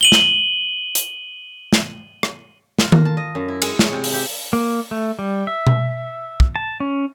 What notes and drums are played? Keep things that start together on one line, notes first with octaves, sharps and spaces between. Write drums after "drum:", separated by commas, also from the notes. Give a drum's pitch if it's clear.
D#7 F#7 G7
drum: snare
drum: hi-hat
drum: snare
drum: rim click
F4, drum: snare
A#3, drum: tom D#3
A5
D#5
F#2
E4
G#3, drum: cymbal
C#5, drum: snare
C3
drum: open hi-hat
G4
A#3
A3
G3
E5
drum: tom B2
drum: kick
A5
C#4